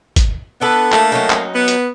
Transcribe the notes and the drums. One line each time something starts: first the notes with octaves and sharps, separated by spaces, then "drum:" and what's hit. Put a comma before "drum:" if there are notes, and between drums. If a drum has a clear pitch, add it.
drum: kick, hi-hat
B3 D4 A4 B4
A3 A#3, drum: clap
F#3 C#4 D#4
drum: clap
B3
drum: hi-hat